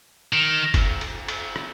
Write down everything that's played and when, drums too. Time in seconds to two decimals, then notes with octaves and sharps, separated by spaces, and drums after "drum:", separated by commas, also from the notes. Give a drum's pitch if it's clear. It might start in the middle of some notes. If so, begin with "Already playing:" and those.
0.33 D#3
0.74 drum: kick, cymbal
1.01 drum: cymbal
1.28 drum: cymbal
1.56 drum: rim click